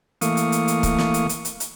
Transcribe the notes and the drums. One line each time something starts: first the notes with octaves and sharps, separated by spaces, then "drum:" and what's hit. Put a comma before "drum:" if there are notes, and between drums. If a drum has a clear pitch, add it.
E3 A3 A#3 F5 C#6 D#6, drum: hi-hat
drum: hi-hat
drum: hi-hat
drum: hi-hat
drum: kick C#1, hi-hat
drum: snare
drum: hi-hat
drum: hi-hat
drum: hi-hat
drum: hi-hat